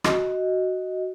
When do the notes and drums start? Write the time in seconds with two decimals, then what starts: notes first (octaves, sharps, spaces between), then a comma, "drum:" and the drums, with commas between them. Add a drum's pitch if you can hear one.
0.04 F#4 D#5, drum: rim click